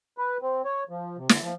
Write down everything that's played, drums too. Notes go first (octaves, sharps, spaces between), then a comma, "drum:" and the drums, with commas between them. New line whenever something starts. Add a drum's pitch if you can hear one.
B4
C4
C#5
F3
C3
D3, drum: snare
F3